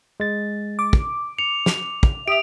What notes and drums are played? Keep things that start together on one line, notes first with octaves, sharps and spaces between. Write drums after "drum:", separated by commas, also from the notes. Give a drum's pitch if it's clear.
G#3 A6
D6
drum: kick
C#7 F7
drum: snare
drum: kick
G4 E5 D#6 D7 F7